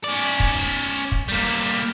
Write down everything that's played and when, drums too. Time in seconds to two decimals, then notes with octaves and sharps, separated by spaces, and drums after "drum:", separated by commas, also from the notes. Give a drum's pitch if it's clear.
0.04 C#4 D5
0.40 drum: kick
1.12 drum: kick
1.29 G3 A#3